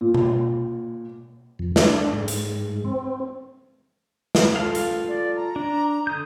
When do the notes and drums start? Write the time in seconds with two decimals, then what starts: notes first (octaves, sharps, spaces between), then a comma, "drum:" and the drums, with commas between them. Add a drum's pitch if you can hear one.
0.01 A#2
0.14 drum: tom B2
1.59 F2
1.76 D4, drum: snare
2.12 G#2
2.28 drum: hi-hat
2.85 C4
4.35 drum: snare
4.56 F4 A4 F5
4.75 drum: hi-hat
5.08 D5
5.36 A#5
5.56 D4
6.07 D3 D#6 G6